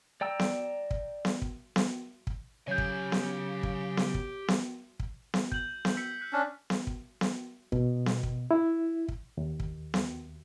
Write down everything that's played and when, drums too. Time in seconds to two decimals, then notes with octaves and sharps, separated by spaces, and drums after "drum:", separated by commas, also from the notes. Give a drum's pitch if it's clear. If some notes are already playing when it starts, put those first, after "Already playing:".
0.21 D5 G5 A#5 E6
0.39 drum: snare B3
0.91 drum: kick
1.25 drum: snare B3
1.42 drum: kick
1.76 drum: snare B3
2.27 drum: kick
2.68 C#3 F#3 G4 C#5 G#5 G6
2.78 drum: kick
3.12 drum: snare B3
3.63 drum: kick
3.97 drum: snare B3
4.14 drum: kick
4.48 drum: snare B3
5.00 drum: kick
5.34 drum: snare B3
5.52 G6 F#7, drum: kick
5.85 drum: snare B3
5.97 E6 B6 C#7
6.21 F#6 B6
6.33 C#4 D4
6.70 drum: snare B3
6.87 drum: kick
7.21 drum: snare B3
7.72 B2, drum: kick
8.06 drum: snare B3
8.23 drum: kick
8.51 E4
9.08 drum: kick
9.37 D#2
9.60 drum: kick
9.94 drum: snare B3